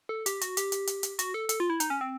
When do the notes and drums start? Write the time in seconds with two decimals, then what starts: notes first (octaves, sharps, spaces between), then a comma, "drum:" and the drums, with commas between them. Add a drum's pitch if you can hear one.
0.09 A4
0.26 G4, drum: hi-hat
0.41 F#4, drum: hi-hat
0.57 G4, drum: hi-hat
0.72 drum: hi-hat
0.87 drum: hi-hat
1.03 drum: hi-hat
1.19 F#4, drum: hi-hat
1.34 A4
1.49 A4, drum: hi-hat
1.60 F4
1.70 E4
1.80 D#4, drum: hi-hat
1.90 C#4
2.01 C4